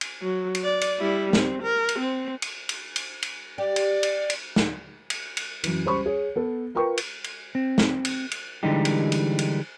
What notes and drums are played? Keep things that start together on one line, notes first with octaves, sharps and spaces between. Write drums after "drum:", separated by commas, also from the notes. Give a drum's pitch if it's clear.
drum: cymbal
F#3
drum: cymbal
D5
drum: cymbal
G3 E4
C4, drum: snare
A#4
drum: cymbal
C4
drum: cymbal
drum: cymbal
drum: cymbal
drum: cymbal
G4 D5
drum: cymbal
drum: cymbal
drum: cymbal
drum: snare
drum: cymbal
drum: cymbal
F#2 E3, drum: cymbal
C#2 G3 C5 B5 C#6
G#4 C#5
B3 A4
F4 A#4 B4 G5 C#6
drum: cymbal
drum: cymbal
C4
drum: snare
drum: cymbal
drum: cymbal
D3 E3 G3 G#3 D#4 G4
drum: cymbal
drum: cymbal
drum: cymbal